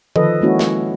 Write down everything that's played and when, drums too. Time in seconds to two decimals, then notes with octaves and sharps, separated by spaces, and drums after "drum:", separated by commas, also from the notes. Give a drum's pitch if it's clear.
0.16 D#3 F3 A4 B4 D#5, drum: tom D3
0.41 G#3 A#3 C#4 E4 F#4
0.59 drum: snare